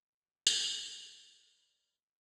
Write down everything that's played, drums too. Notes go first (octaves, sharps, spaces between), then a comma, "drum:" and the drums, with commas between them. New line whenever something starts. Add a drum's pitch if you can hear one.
F#4 G4
drum: tambourine
C6
A#4 B4 D5 B5